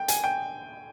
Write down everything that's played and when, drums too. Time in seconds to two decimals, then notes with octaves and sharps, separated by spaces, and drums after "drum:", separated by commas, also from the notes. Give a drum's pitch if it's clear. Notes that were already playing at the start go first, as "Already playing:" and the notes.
Already playing: G5
0.08 G#5, drum: hi-hat
0.24 G5